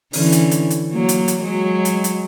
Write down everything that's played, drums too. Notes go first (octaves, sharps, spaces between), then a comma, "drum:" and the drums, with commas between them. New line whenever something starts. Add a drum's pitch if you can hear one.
D3 E3 C#4, drum: open hi-hat
drum: hi-hat
drum: hi-hat
drum: hi-hat
F#3 A#3
drum: hi-hat
drum: hi-hat
F#3 G#3
drum: hi-hat
drum: hi-hat